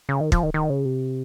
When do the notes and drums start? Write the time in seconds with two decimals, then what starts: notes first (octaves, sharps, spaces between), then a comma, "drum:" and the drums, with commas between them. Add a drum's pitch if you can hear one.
0.09 C#3
0.21 D#3
0.32 F3, drum: kick
0.43 D#3
0.54 D#3
0.70 C#3
0.85 C3